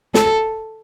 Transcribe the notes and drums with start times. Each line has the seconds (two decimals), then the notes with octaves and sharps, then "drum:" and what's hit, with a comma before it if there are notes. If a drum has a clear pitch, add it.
0.14 A4, drum: snare